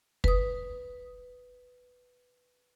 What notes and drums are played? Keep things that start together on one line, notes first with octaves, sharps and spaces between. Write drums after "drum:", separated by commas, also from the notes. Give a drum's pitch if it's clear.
B4 D#6, drum: kick